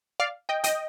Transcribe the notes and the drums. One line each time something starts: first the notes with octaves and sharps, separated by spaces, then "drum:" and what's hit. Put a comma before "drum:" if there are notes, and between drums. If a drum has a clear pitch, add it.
D5 F5
D#5 G5
D#5 G5, drum: hi-hat